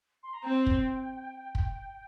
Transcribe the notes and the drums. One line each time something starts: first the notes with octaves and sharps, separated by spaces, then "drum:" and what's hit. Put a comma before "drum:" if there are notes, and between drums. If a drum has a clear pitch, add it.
C6
A#5
C4 G5
drum: kick
drum: kick